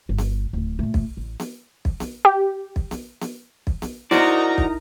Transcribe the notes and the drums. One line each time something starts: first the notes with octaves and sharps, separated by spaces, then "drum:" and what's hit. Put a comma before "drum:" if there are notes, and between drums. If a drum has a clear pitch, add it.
G1
drum: snare B3
D1 D2
A#2 A3
drum: kick
A1
drum: snare B3
drum: kick
drum: snare B3
G4
drum: kick
drum: snare B3
drum: snare B3
drum: kick
drum: snare B3
D#4 E4 F#4 A#4 C5 D5 A#5, drum: snare B3
drum: kick